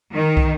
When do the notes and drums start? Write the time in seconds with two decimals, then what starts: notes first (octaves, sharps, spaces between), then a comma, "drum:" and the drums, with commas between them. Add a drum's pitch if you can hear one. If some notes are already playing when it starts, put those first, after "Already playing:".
0.13 D#3
0.37 drum: kick